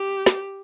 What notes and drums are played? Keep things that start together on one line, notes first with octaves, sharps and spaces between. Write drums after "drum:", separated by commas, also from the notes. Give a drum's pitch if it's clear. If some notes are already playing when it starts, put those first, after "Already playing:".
Already playing: G4
drum: snare